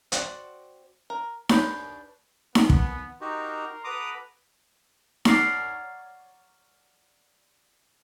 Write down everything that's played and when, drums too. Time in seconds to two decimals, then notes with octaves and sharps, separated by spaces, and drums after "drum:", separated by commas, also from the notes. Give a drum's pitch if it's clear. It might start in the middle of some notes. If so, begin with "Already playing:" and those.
0.12 C4 F#4 A4 D5 F#5, drum: hi-hat
1.10 A#4
1.49 D4 G4 B4 C#5, drum: snare D#4
2.55 B3, drum: snare D#4
2.70 drum: kick
3.21 D#4 F#4 G4 A#4 A#5 C6
3.84 F#4 A4 B4 A#5 D6 D#6
5.25 C#5 D5 F5 F#5 A5 A#5, drum: snare D#4